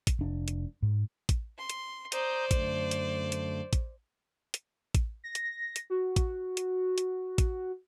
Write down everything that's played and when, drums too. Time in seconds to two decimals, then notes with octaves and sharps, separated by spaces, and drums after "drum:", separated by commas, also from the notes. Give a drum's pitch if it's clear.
0.07 drum: kick A1, hi-hat
0.19 F1 D4
0.48 drum: hi-hat
0.82 G#2
1.29 drum: kick A1, hi-hat
1.58 C6
1.70 drum: hi-hat
2.12 C5 D5 A#5 D#6 G6, drum: hi-hat
2.51 F#2 D3 A3, drum: kick A1, hi-hat
2.91 drum: hi-hat
3.32 drum: hi-hat
3.73 drum: kick A1, hi-hat
4.54 drum: hi-hat
4.95 drum: kick A1, hi-hat
5.24 A#6
5.35 drum: hi-hat
5.76 drum: hi-hat
5.90 F#4
6.16 drum: kick A1, hi-hat
6.57 drum: hi-hat
6.98 drum: hi-hat
7.38 drum: kick A1, hi-hat